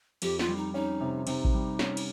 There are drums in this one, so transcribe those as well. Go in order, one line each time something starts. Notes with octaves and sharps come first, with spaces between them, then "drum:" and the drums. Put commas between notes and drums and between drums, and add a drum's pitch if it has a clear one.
F2 G4, drum: cymbal
F4, drum: snare
G3
D#4
C#4 D#4
C3
C3 D#4, drum: cymbal
drum: kick A1
G3
C#4, drum: snare
drum: cymbal